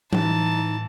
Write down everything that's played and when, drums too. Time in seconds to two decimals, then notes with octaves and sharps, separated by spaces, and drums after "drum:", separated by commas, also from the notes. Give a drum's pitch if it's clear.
0.13 A2 E3 D#4 A5, drum: tom E3